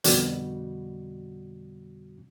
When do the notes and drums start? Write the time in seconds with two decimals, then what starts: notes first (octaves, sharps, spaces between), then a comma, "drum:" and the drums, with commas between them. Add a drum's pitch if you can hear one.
0.04 F2 B2 D3 G3 F#4, drum: hi-hat